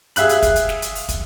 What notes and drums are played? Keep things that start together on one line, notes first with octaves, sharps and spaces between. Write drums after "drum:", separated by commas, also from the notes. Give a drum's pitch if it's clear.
G#4 E5 F5 F#6 F#7, drum: hi-hat
drum: hi-hat
drum: kick, hi-hat
drum: hi-hat
drum: snare
drum: hi-hat
drum: open hi-hat
drum: kick, hi-hat